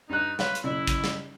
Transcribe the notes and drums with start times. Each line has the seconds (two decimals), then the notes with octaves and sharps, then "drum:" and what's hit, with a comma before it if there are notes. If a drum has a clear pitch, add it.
0.09 G2 D#4 F#6
0.39 B4 C#5 F5 C6, drum: snare
0.55 drum: hi-hat
0.64 F#1 E4
0.87 drum: kick, hi-hat
1.04 drum: snare